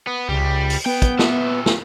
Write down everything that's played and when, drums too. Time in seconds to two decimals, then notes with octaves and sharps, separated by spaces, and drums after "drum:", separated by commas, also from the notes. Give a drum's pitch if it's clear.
0.07 B3
0.29 C#2 G3
0.70 drum: open hi-hat
0.86 B3 G5
1.02 drum: kick, hi-hat
1.19 A#2 E5, drum: snare
1.66 drum: snare